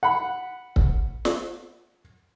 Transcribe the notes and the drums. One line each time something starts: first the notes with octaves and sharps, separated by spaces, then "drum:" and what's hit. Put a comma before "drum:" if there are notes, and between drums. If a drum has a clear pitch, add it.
F#5 B5
drum: kick C#1
drum: snare